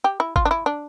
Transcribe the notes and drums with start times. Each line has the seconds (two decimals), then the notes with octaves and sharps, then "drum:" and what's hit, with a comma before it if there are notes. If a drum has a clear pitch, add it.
0.04 G4
0.20 E4
0.36 F4, drum: kick G1
0.45 D4
0.51 E4
0.66 D4